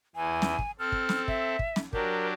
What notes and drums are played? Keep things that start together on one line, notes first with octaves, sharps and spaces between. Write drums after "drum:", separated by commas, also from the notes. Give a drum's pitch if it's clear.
E2 E3 G#5
drum: snare
drum: kick
C4 A4 F6
drum: kick
drum: snare
E5, drum: kick
drum: kick
drum: snare
F#3 D4 G4 A#4, drum: kick